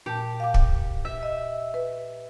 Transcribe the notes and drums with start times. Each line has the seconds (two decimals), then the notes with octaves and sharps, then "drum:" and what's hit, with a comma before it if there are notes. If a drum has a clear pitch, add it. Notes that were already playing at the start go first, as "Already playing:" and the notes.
0.06 A#2 G4 A5
0.40 F5 D6
0.54 drum: kick
1.05 E5
1.23 D#5
1.74 B4